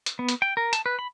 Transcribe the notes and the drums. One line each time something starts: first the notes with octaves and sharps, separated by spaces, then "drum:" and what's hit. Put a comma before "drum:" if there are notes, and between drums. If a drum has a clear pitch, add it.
drum: hi-hat
B3
drum: hi-hat
G5
A#4
A5, drum: hi-hat
B4
B5